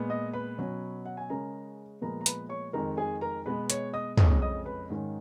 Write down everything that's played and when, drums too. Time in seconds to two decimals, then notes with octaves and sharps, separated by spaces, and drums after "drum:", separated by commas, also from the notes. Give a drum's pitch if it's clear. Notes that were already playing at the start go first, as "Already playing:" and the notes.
Already playing: A#2 G#3 B3
0.10 D#5 D#6
0.33 B4 B5
0.58 B2 F#3 C#4
1.06 F#5
1.17 G#5
1.29 C#3 G#3 C#4 A#4 A#5
2.02 A#2 F3 G#3 B3 A#4 A#5
2.21 A#5
2.26 B4 B5, drum: hi-hat
2.49 C#5 C#6
2.73 F2 D#3 G#3 A#4 A#5
2.97 G#4 G#5
3.21 A#4 A#5
3.46 B2 G#3 B3 B4 B5
3.70 C#5 C#6, drum: hi-hat
3.93 D#5 D#6
4.18 F2 C#3 G#3 C#4 D#5 D#6, drum: tom
4.42 D#5 D#6
4.66 B4 B5
4.90 G#2 D#3 G#3 C#4